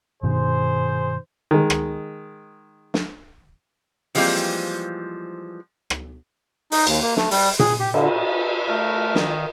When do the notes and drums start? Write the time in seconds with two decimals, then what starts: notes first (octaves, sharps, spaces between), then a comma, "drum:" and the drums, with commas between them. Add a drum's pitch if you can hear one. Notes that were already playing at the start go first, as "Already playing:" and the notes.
0.23 G2 B2 D#3 G#4 C5
1.51 D#3 G#3
1.70 drum: rim click
2.94 drum: snare
4.15 E3 F3 G3 G#3 A#3 C4, drum: open hi-hat
5.90 drum: rim click
6.72 D#4, drum: open hi-hat
6.87 D#2, drum: cymbal
7.02 A#3
7.17 A3, drum: snare
7.31 G3, drum: open hi-hat
7.59 G#4, drum: tom A#2
7.80 G4
7.94 D3, drum: cymbal
8.68 A3 A#4
9.15 D#3, drum: snare